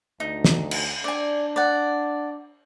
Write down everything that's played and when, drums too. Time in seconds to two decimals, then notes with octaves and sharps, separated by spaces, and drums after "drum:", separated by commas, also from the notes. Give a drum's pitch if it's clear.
0.20 D2 D#4
0.44 drum: snare
0.71 drum: cymbal
1.04 D4 D5 G#5
1.56 D5 F#5